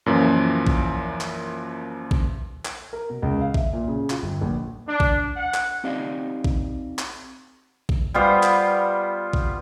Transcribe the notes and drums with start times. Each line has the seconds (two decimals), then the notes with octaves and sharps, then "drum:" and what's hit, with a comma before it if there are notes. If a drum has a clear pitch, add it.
0.06 F#2 A#2 E3 F3
0.67 drum: kick A#1
1.21 drum: clap
2.11 drum: kick A#1
2.65 drum: clap
2.93 A#4
3.10 B2
3.22 C#2
3.41 F5
3.54 E5, drum: kick A#1
3.73 A#2
3.88 C#3
4.10 F4, drum: clap
4.22 G1
4.41 A#1
4.88 D4
5.00 drum: kick A#1
5.36 F#5
5.54 drum: clap
5.84 C4 D#4 G4 D5 D#5 F5
6.44 drum: kick A#1
6.99 drum: clap
7.89 drum: kick A#1
8.14 G3 B3 F4 C5
8.43 drum: clap
9.33 drum: kick A#1